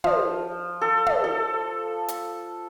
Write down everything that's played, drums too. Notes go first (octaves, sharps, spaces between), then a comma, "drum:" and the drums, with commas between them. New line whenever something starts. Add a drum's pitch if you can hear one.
F3, drum: tom
A4
drum: tom
A4
drum: hi-hat